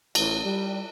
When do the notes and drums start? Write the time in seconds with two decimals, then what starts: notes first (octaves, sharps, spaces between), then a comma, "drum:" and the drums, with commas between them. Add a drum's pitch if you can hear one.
0.15 A1, drum: cymbal
0.45 G3